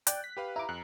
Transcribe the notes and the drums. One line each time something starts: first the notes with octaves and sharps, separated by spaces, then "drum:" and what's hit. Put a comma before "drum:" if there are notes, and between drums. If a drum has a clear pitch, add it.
D5 G5 F#6, drum: hi-hat
B6
G4 B4 F5
E4 A#5 D6
F2 F#6